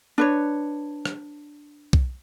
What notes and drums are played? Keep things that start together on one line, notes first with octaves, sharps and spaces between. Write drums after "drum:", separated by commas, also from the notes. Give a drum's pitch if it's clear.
D4 B4 C#5
drum: rim click
drum: kick B1